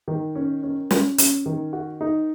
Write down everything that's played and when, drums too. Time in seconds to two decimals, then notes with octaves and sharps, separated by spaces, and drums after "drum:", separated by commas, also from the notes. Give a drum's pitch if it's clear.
0.08 D#3
0.35 C#4
0.63 C#4
0.91 C#4, drum: snare
1.18 C#4, drum: hi-hat
1.46 D#3
1.73 F#4
2.01 D#4